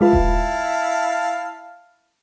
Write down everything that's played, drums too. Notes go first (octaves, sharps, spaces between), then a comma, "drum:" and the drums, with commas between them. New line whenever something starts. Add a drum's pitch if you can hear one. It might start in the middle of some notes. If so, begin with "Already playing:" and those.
G#3 E4 F4 B4 F5 A5
drum: kick D#1